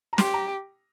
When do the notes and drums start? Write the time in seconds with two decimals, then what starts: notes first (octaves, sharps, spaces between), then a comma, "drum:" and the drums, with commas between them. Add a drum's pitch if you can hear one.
0.13 A#5
0.18 G4 C6, drum: snare
0.34 A#5